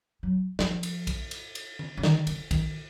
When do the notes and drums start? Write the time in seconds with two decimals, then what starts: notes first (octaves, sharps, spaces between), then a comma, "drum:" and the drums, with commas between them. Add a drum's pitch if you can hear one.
0.23 F#3
0.59 F3, drum: snare
0.83 drum: cymbal
1.07 drum: kick B1, cymbal
1.31 drum: cymbal
1.55 drum: cymbal
1.79 drum: tom D#3
1.97 C#3
2.03 D#3, drum: snare
2.27 C#3, drum: cymbal
2.51 D#3, drum: kick B1, cymbal